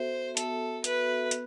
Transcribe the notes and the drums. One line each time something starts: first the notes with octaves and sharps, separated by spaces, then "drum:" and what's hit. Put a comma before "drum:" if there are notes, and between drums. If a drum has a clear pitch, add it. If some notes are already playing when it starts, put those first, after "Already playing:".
Already playing: B3 F#4 A4 C5 E5
B3 A4, drum: hi-hat
F#4 A4 B4 E5, drum: hi-hat
B3, drum: hi-hat